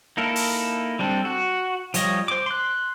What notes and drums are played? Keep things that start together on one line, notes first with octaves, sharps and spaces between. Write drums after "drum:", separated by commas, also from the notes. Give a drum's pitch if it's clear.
A#3 D#4 E4 A4 A#4
drum: open hi-hat
G3 C4 D4 A4
F#4
F3 G3 C#5 D#5, drum: hi-hat
C5 D6
C6 F#6